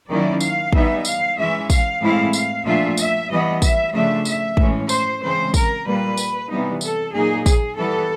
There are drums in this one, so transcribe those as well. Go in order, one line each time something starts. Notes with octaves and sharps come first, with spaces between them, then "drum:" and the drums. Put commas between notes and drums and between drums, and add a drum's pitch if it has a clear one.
D#3 F#3 A#3 C#4 E4 D5
F5, drum: tambourine
E3 G3 B3 D#4 E5, drum: kick
F5, drum: tambourine
E3 G#3 C#4 E5
F5, drum: kick, tambourine
A2 E3 G#3 C4 E4 F5
F5, drum: tambourine
A#2 F3 A3 D4 F4 E5
E5, drum: tambourine
E3 G3 B3 D#5
E5, drum: kick, tambourine
C#3 F3 A3 D4 E5
E5, drum: tambourine
A2 E3 G#3 C#4, drum: kick
C5, drum: tambourine
C#3 E3 G#3 C4 C5
A#4, drum: kick, tambourine
A#2 G3 A#3 B4
drum: tambourine
C3 E3 G3 B3 D#4
A4, drum: tambourine
A#2 F#3 A#3 D#4 G#4
G#4, drum: kick, tambourine
E3 G3 B3 A4